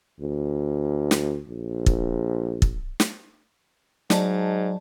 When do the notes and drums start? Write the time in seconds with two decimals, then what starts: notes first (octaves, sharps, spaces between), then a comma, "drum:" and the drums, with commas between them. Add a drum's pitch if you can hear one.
0.20 D2
1.11 drum: snare
1.49 A#1
1.86 drum: kick
2.62 drum: kick
3.00 drum: snare
4.10 G#2 F#3 D5 D#5 A5, drum: snare